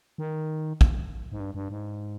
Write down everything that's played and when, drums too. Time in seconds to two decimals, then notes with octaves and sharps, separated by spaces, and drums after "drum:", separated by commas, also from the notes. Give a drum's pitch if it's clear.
0.18 D#3
0.81 drum: kick
1.32 G#2
1.40 G2
1.55 G2
1.70 G#2